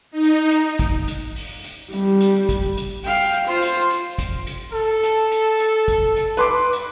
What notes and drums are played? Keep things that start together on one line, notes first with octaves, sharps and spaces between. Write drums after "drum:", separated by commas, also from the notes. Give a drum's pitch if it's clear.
D#4
drum: hi-hat
drum: hi-hat
drum: kick, hi-hat
drum: hi-hat
drum: open hi-hat
drum: hi-hat
G3, drum: hi-hat
drum: hi-hat
drum: kick, hi-hat
drum: hi-hat
F5 G5, drum: open hi-hat
drum: hi-hat
F4 C5
drum: hi-hat
drum: hi-hat
drum: kick, hi-hat
drum: hi-hat
A4, drum: open hi-hat
drum: hi-hat
drum: hi-hat
drum: hi-hat
drum: kick, hi-hat
drum: hi-hat
B4 C6 D6
drum: hi-hat